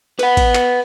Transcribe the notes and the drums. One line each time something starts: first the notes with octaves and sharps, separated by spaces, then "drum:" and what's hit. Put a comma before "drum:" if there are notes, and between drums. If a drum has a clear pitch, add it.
B4 F#5, drum: cymbal
drum: kick, cymbal
drum: clap